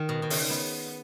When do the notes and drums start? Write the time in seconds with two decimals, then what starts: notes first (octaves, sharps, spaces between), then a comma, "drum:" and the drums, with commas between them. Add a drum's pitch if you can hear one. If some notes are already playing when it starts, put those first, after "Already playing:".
Already playing: D#3
0.09 B2
0.22 B2
0.30 C#3, drum: open hi-hat
0.50 B3